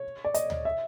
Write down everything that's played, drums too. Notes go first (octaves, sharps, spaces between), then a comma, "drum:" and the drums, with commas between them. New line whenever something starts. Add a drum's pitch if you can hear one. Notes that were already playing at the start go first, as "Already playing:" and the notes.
Already playing: C#5
D5
D#5, drum: hi-hat
drum: tom D2
E5